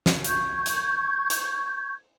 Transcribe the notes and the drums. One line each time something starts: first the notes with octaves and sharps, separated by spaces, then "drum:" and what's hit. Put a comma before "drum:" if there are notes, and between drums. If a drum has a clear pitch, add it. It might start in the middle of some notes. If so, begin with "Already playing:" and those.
drum: snare
C#6 G6 G#6, drum: hi-hat
drum: hi-hat
drum: hi-hat